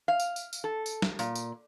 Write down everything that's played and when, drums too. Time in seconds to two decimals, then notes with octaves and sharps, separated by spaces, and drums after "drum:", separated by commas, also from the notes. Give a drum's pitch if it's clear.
0.08 F5
0.20 drum: tambourine
0.36 drum: tambourine
0.53 drum: tambourine
0.64 A4
0.86 drum: tambourine
1.02 drum: snare
1.19 A#2, drum: tambourine
1.35 drum: tambourine